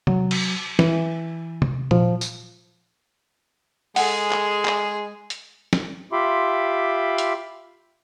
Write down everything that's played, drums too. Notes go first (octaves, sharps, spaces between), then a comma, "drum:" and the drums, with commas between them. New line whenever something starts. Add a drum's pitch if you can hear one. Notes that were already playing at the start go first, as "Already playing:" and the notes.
F#3, drum: tom C3
drum: cymbal
E3, drum: snare
drum: tom C3
F3, drum: tom A#2
drum: tambourine
G#3 G#4 A4 F#5, drum: open hi-hat
drum: clap
drum: clap
drum: hi-hat
drum: snare
F4 G4 E5 B5 C6 D6
drum: hi-hat